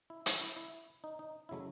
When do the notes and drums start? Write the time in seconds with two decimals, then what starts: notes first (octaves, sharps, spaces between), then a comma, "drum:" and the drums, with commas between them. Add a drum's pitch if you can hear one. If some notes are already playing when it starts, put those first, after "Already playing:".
0.10 E4
0.26 E4, drum: hi-hat
0.41 E4
0.56 E4
1.04 D#4
1.19 D#4
1.49 C#3 F#3 A3 E4